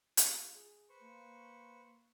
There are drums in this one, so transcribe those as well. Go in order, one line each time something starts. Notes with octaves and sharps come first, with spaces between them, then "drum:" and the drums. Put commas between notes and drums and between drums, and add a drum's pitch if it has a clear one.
F4, drum: hi-hat
G#4
B4 C5 C#6
A#3